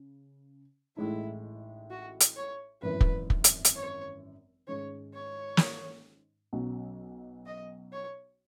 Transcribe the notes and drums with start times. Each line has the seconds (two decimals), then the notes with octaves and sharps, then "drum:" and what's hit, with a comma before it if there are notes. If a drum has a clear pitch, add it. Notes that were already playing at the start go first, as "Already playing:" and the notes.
Already playing: C#3
0.97 A1 A2 G#3 D#4 E4
1.90 F#4
2.20 drum: hi-hat
2.36 C#5
2.82 G#1 F#2 E3 B4
3.01 drum: kick
3.30 drum: kick
3.44 drum: hi-hat
3.65 drum: hi-hat
3.76 C#5
4.67 G#2 D#3 G#3 C#4 C#5
5.14 C#5
5.57 drum: snare
6.53 B1 B2 F#3 C#4
7.46 D#5
7.92 C#5